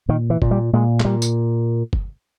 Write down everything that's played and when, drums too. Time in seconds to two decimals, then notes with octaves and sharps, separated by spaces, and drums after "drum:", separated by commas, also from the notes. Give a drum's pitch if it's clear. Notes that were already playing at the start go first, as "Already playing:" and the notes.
0.09 A#2 D#3
0.30 E3
0.42 A#2, drum: kick
0.51 G3
0.73 A#2 G#3
1.00 G#3, drum: clap
1.05 A#2 G3
1.22 drum: tambourine
1.93 drum: kick